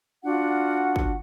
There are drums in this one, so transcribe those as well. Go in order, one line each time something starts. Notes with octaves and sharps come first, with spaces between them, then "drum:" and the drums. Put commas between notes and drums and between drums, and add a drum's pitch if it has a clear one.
D4 F4 F#4 F#5
drum: kick